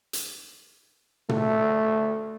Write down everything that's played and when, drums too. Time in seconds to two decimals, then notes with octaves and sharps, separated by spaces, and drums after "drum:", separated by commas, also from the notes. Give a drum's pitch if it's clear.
0.13 drum: hi-hat
1.29 A3, drum: tom